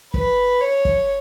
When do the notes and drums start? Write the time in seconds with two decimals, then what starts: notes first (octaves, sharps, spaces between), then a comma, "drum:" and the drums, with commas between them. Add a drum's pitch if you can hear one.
0.14 B4, drum: kick
0.61 C#5
0.85 drum: kick